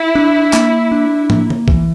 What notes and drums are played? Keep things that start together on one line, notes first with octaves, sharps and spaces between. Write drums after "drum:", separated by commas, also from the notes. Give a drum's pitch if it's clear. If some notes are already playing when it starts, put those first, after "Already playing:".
Already playing: E4
D4
A#3, drum: clap
D4
A#3, drum: tom
drum: tom
E3, drum: kick B1